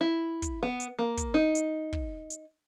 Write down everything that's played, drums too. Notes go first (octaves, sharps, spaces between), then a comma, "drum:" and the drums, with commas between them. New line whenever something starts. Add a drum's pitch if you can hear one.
E4
drum: kick, hi-hat
B3
drum: hi-hat
A#3
drum: kick, hi-hat
D#4
drum: hi-hat
drum: kick
drum: hi-hat